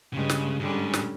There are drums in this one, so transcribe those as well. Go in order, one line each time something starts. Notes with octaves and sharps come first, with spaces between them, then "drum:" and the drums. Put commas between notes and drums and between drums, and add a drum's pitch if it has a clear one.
G2 C#3 G#3
drum: snare
G#2 D3 G3 C#4
drum: snare